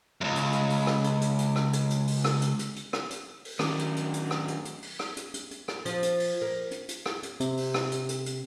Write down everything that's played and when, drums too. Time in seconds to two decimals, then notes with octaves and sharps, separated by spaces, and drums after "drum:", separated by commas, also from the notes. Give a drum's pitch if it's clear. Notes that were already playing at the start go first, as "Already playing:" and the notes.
0.21 C#2 F#2
0.35 drum: hi-hat
0.53 drum: hi-hat
0.70 drum: open hi-hat
0.87 drum: rim click
1.04 drum: hi-hat
1.21 drum: hi-hat
1.39 drum: hi-hat
1.56 drum: rim click
1.73 drum: hi-hat
1.90 drum: hi-hat
2.07 drum: open hi-hat
2.24 drum: rim click
2.42 drum: hi-hat
2.59 drum: hi-hat
2.76 drum: hi-hat
2.93 drum: rim click
3.10 drum: hi-hat
3.45 drum: open hi-hat
3.59 A2 D#3 F#3 C#4 D6, drum: rim click
3.79 drum: hi-hat
3.96 drum: hi-hat
4.13 drum: hi-hat
4.31 drum: rim click
4.48 drum: hi-hat
4.65 drum: hi-hat
4.82 drum: open hi-hat
4.99 drum: rim click
5.17 drum: hi-hat
5.34 drum: hi-hat
5.51 drum: hi-hat
5.68 drum: rim click
5.85 F3, drum: hi-hat
6.03 drum: hi-hat
6.20 drum: open hi-hat
6.42 A#3
6.71 drum: hi-hat
6.88 drum: hi-hat
7.06 drum: rim click
7.23 drum: hi-hat
7.40 C3, drum: hi-hat
7.57 drum: open hi-hat
7.74 drum: rim click
7.92 drum: hi-hat
8.09 drum: hi-hat
8.26 drum: hi-hat